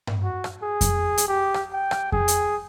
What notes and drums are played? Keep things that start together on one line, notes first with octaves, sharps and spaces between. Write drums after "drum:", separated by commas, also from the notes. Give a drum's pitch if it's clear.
drum: tom G2
F#4
drum: rim click
G#4
drum: kick F2, hi-hat
drum: hi-hat
G4
drum: rim click
G5
drum: rim click
G#4, drum: kick F2
drum: hi-hat